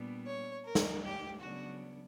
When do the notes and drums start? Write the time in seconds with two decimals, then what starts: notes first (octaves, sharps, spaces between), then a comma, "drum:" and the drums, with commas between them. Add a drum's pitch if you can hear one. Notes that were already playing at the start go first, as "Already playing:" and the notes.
Already playing: A#2 G3 B3 D4
0.25 C#5
0.64 A#4
0.75 drum: snare
1.02 G4
1.40 C#3 F#3 B3 D4 F#4